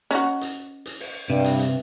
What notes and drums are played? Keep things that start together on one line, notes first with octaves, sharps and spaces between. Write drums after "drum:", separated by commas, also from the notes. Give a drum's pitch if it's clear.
C#4 D#4 F#4
drum: hi-hat
drum: hi-hat
drum: open hi-hat
G2 C3
drum: hi-hat
drum: hi-hat